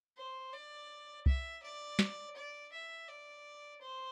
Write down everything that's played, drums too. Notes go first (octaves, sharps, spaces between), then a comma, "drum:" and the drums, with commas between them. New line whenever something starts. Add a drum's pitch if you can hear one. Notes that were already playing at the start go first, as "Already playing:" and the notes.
C5
D5
E5, drum: kick C2
D5
drum: snare
D5
E5
D5
C5